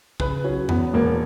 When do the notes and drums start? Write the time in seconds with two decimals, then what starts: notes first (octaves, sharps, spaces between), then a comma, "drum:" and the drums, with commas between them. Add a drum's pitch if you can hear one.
0.20 C#3 B4, drum: kick
0.44 F#3 C#4
0.69 E2 B3, drum: tom F2
0.94 E1 A#3